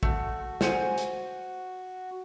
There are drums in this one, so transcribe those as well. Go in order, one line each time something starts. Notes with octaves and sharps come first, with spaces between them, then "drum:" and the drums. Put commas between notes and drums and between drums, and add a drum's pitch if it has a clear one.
A3 F#4, drum: kick A1
C5 F#5 G#5, drum: snare
drum: hi-hat